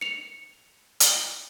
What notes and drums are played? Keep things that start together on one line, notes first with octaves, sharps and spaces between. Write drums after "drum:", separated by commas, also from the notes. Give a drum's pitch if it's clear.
C#7 F7
drum: hi-hat